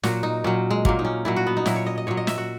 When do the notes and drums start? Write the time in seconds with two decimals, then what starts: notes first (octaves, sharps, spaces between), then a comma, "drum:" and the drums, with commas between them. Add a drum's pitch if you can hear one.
0.03 A#2 F#3 F#4, drum: snare
0.23 D#4
0.44 A#2 F#3 C#4
0.71 G#3
0.85 A#2 F#3 A#3, drum: kick
0.99 D#4
1.05 C#4
1.25 A#2 F#3 E4
1.36 F#4
1.47 B3
1.57 D#4
1.66 A#2 F#3 E4, drum: snare
1.76 C#5
1.86 D#5
1.98 D#5
2.07 A#2 F#3 C#5
2.17 D#5
2.27 E5, drum: snare
2.38 F#4